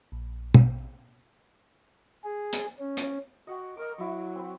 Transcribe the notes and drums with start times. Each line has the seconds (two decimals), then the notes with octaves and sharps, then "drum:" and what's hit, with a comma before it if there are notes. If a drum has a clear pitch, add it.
0.12 A#1
0.54 drum: tom
2.24 G#4
2.53 drum: hi-hat
2.79 C#4
2.97 drum: hi-hat
3.47 F#4 D#5 F#5 G5
3.77 A#4 D#5 C#6 D6
3.98 F#3 E4 C#6
4.35 C4 B4